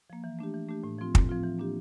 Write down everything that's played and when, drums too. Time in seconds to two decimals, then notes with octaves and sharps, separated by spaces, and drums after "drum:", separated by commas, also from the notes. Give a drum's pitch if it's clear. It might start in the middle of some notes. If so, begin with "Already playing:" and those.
0.10 F3 A#3
0.24 E3
0.39 A3 D4 G4
0.54 E3
0.69 A3 D4 G4
0.84 A2
0.99 F3 C4 F4
1.15 A2, drum: kick
1.29 F3 C4 F4
1.44 E3
1.59 A#3 D4 G4